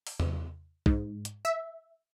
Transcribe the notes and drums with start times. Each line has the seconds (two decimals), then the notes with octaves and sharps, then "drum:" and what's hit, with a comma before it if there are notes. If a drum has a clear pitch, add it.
0.07 drum: open hi-hat
0.20 drum: tom E2
0.86 G#2, drum: kick
1.25 drum: hi-hat
1.45 E5